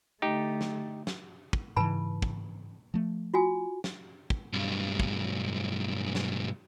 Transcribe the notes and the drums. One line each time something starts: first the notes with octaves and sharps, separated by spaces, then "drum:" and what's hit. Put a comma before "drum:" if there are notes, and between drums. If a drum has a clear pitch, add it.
D3 A3 D#4 G4
drum: snare
drum: snare
drum: kick
G#2 C#3 E3 B4 A5 B5
drum: kick
F3 A3
F4 F#4 G#5
drum: snare
drum: kick
B1 G2
drum: kick
drum: snare